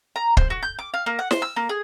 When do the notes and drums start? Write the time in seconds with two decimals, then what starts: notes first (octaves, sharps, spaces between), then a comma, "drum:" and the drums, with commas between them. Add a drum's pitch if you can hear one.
0.16 A#5
0.37 C5, drum: kick
0.50 F#4
0.63 G6
0.79 D6
0.94 F5
1.06 A#3
1.19 F#5
1.31 C5, drum: snare
1.42 E6
1.56 A#3
1.69 G#4